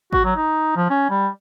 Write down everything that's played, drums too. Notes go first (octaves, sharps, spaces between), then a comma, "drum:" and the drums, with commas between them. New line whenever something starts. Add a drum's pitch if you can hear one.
F#4, drum: kick G#1
F#3
D#4
F3
C#4
G3